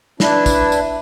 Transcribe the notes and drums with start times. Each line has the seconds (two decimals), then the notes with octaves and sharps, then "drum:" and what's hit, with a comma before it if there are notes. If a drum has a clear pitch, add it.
0.20 D4 E4 B4, drum: snare
0.46 drum: kick, tambourine
0.72 drum: tambourine